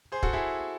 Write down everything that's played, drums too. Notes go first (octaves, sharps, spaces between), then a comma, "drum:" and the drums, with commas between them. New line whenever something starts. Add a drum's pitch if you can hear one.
G#4 C5
F#4 A4, drum: kick
E4 G#4